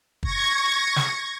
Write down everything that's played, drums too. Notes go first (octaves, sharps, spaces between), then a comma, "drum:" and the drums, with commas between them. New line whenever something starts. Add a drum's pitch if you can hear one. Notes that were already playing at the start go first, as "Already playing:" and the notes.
C#6 G#6 A#6, drum: kick
drum: snare